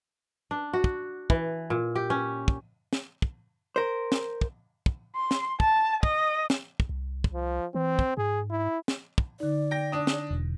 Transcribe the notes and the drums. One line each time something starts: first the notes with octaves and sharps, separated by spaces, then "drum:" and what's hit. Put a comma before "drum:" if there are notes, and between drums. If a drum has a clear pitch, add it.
D4
F#4
drum: kick
E3, drum: kick
A#2
G4
C#4
drum: kick
drum: snare
drum: kick
A#4 C5
drum: snare
drum: kick
drum: kick
C6
drum: snare
A5, drum: kick
D#5, drum: kick
drum: snare
drum: kick
C2
drum: kick
F3
E3 C4
drum: kick
G#2 G#4
E4
drum: snare
drum: kick
D3 D#4 D5
G5 A#6
D4 D#6
drum: snare
E1